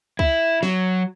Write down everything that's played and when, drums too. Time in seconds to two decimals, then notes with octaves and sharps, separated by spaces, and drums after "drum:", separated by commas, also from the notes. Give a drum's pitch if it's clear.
0.19 E4, drum: kick C#2
0.63 F#3, drum: snare